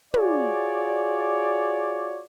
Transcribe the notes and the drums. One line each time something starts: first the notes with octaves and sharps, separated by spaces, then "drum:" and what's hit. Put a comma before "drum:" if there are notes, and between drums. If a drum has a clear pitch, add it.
F4 F#4 G#4 C#5 D5, drum: tom